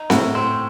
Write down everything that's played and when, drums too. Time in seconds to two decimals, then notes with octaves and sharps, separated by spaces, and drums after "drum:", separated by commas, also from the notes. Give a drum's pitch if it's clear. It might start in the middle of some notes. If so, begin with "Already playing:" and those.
Already playing: D#4
0.10 A2 F#4, drum: snare C4
0.35 C4